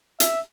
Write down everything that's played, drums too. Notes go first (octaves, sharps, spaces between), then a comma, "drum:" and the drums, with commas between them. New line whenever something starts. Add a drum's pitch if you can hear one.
E5, drum: hi-hat